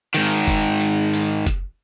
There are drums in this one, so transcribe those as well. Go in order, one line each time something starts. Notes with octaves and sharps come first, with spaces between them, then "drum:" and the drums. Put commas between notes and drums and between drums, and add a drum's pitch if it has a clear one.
G#2 D#3, drum: open hi-hat
drum: kick, hi-hat
drum: hi-hat
drum: open hi-hat
drum: kick, hi-hat